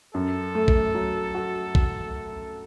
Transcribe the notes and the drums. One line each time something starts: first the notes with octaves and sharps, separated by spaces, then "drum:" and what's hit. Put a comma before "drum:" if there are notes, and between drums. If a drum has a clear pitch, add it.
F#2 A4
A3
drum: kick A#1
F#3
F#4
drum: kick A#1